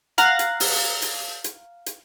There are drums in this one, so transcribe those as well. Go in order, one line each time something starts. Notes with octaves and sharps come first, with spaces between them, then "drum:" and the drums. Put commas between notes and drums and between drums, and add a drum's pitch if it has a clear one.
F5 F#5 A#5, drum: hi-hat
drum: hi-hat
drum: open hi-hat
drum: hi-hat
drum: hi-hat
drum: hi-hat